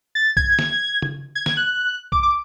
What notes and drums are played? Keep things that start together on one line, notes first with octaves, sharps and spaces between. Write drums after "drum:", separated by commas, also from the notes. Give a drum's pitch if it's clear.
A6
G#6, drum: kick
drum: snare
drum: tom
G#6
G#6, drum: snare
F#6
D6, drum: kick
D6